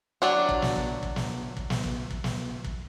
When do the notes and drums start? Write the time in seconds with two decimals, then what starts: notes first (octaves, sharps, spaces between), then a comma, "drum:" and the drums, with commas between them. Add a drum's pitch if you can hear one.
0.22 F#3 D4 F#4
0.49 drum: kick
0.62 drum: snare
0.76 drum: kick
1.03 drum: kick
1.16 drum: snare
1.57 drum: kick
1.70 drum: snare
1.84 drum: kick
2.10 drum: kick
2.24 drum: snare
2.64 drum: kick